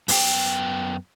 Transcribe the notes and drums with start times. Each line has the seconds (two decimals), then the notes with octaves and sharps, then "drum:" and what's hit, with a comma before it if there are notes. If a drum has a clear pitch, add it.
0.08 F#2 B3 G5, drum: open hi-hat